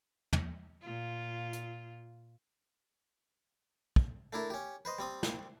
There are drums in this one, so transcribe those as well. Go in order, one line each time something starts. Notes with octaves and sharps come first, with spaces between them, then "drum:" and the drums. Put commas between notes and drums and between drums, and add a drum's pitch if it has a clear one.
drum: tom
A#2 F4
drum: hi-hat
drum: kick
A3 D4 E4 A#4
C#4 G4
B4 C5 D#5
G3 C4 D#6
drum: snare